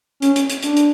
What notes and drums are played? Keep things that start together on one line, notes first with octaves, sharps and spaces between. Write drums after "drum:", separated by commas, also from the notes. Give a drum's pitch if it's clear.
C#4, drum: hi-hat
drum: hi-hat
drum: hi-hat
D4, drum: hi-hat
drum: hi-hat